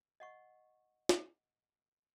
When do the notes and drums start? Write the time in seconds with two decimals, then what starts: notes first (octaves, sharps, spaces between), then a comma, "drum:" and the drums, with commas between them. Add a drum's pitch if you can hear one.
0.20 D#5 F#5 C#6
1.09 drum: snare